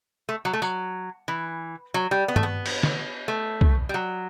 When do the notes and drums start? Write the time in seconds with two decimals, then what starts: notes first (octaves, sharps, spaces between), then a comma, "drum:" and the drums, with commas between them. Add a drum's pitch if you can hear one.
0.29 A3
0.45 F#3
0.53 A3
0.62 F#3, drum: tambourine
1.28 E3
1.94 F#3
2.11 G3
2.28 B3
2.36 A3, drum: tom G2
2.43 B3
2.66 drum: cymbal
2.83 drum: snare
3.28 A3
3.61 drum: kick
3.89 G3
3.94 F#3